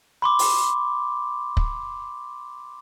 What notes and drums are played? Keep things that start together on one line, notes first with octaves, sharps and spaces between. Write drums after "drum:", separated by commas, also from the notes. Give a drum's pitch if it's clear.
B5 C6 D6
drum: open hi-hat
drum: kick